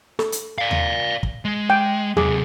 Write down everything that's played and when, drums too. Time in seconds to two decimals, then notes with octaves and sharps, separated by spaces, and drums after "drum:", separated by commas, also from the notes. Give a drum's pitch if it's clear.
0.19 A4, drum: snare
0.32 drum: hi-hat
0.58 D5 F5
0.71 drum: tom D#2
1.23 drum: kick
1.45 G#3
1.70 G5
2.17 C3 F#3 G#4 D6, drum: tom D#2